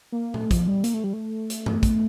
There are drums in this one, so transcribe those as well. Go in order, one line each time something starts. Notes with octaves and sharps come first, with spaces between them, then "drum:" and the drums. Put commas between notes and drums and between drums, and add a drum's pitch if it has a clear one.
A#3
A3, drum: tom A#2
F3, drum: kick, hi-hat
G3
A#3, drum: hi-hat
A3
G3
A3
drum: hi-hat
drum: tom G2
drum: kick, hi-hat